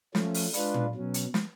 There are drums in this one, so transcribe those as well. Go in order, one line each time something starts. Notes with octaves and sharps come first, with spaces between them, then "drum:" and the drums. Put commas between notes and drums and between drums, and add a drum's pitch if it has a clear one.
F3 A3 C#4, drum: snare
drum: open hi-hat
G#3 D4 F4 B4, drum: hi-hat
drum: tom A#2
B2 F#3 C#4
drum: hi-hat
drum: snare